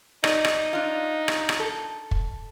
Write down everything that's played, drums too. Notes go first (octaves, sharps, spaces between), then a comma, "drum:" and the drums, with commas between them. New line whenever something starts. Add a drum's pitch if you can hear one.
D#4 D5, drum: rim click
drum: rim click
D4 F4
drum: rim click
drum: rim click
A4
drum: kick